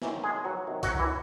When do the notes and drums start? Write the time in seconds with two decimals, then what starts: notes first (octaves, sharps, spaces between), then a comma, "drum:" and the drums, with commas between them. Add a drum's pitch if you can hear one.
0.02 C3 D#3 E3 F#3 E4, drum: snare
0.24 G#3 G#4
0.44 F#3 F#4
0.67 C3 D#3 F#3
0.83 F#3 F#4, drum: kick C2, hi-hat
0.99 E3 E4